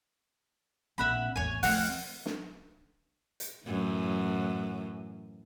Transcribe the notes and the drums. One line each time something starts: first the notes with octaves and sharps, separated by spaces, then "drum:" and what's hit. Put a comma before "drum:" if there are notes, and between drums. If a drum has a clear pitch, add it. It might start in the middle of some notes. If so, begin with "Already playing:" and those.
A#1 C4 E5 F#5 B5
A1 E2 C#5 G#5
F3 A3 C4 F5 F#5, drum: open hi-hat
drum: snare
drum: hi-hat
F#2 A2 E3